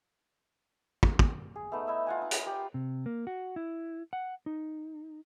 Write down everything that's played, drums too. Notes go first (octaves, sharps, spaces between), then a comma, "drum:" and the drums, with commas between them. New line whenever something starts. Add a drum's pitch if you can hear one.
drum: kick
drum: kick
G#4
A3 B3 D#4
D#4 E4 E5
F4 F#5 G#5
D#4
drum: hi-hat
G4
C3
A#3
F#4
E4
F#5
D#4